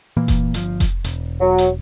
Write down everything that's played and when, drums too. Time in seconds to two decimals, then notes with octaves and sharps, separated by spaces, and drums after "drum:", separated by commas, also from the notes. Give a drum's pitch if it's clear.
0.17 A#2 E3 A#3
0.28 drum: kick F1, hi-hat
0.54 G1 F3, drum: hi-hat
0.80 drum: kick F1, hi-hat
1.04 E1, drum: hi-hat
1.41 F#3
1.58 drum: hi-hat